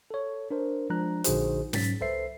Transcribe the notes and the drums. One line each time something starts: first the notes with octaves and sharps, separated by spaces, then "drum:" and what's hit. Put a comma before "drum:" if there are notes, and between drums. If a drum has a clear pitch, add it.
A4 C#5
D4 A#4 C5
F3 G#3 D4 A#5 F#6
A#1 D3 D#4 F#4 G#4 C5, drum: hi-hat
G#2 F#3 C#4 A6 B6, drum: snare
C2 A4 B4 C5 E5 C7